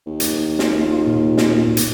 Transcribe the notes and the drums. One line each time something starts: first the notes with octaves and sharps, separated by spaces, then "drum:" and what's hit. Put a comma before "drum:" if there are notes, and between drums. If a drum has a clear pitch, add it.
D#2
drum: hi-hat
drum: snare
F4
A#2
drum: snare
drum: hi-hat